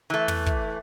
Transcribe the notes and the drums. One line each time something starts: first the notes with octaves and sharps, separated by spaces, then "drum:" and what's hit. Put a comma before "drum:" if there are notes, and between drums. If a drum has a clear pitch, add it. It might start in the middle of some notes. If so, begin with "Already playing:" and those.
E3 A3
drum: tom
drum: kick